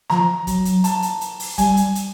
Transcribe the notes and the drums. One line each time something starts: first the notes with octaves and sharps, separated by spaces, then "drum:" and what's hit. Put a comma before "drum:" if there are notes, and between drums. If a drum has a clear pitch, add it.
F3 A#5, drum: snare
F#3, drum: kick, hi-hat
drum: hi-hat
A5, drum: hi-hat
drum: hi-hat
drum: hi-hat
drum: open hi-hat
G3 G#5, drum: kick, hi-hat
drum: hi-hat
drum: hi-hat